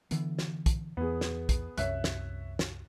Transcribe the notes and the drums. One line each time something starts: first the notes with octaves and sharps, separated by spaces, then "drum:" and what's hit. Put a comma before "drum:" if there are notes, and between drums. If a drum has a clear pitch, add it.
D3 E3 B3, drum: hi-hat
drum: snare
drum: kick, hi-hat
E2 B3 G#4
drum: snare
drum: kick, hi-hat
C2 F#2 C#5 E5 F#6, drum: hi-hat
drum: snare
drum: snare